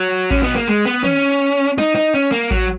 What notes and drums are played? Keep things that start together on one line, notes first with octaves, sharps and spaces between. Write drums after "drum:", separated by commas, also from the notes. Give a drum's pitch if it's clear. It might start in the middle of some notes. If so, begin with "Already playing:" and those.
Already playing: F#3
C#4, drum: kick A1
B3
A#3
G#3
B3
C#4, drum: tom
D#4, drum: snare
D#4
C#4
A#3
F#3, drum: kick A1